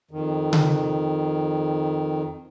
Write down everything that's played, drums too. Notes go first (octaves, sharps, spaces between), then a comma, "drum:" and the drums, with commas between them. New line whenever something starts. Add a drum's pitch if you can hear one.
F2 D#3
drum: tom C#3